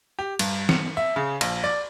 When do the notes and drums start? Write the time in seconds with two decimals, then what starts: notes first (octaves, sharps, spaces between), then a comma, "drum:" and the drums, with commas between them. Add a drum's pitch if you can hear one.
0.19 G4
0.39 G2, drum: cymbal
0.69 C#7, drum: snare
0.97 E5
1.16 C#3
1.41 A#1, drum: cymbal
1.64 D5